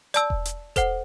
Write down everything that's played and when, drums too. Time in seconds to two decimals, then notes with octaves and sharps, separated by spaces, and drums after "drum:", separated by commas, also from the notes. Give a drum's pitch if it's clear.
0.14 D5 A5 E6, drum: hi-hat
0.30 drum: kick E1
0.45 drum: hi-hat
0.76 A4 C5 F#5, drum: kick E1, hi-hat